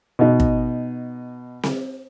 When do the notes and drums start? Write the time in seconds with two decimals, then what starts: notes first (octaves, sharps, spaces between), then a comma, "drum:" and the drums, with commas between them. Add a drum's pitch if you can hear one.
0.19 B2 D#4
0.40 drum: kick
1.63 drum: snare C4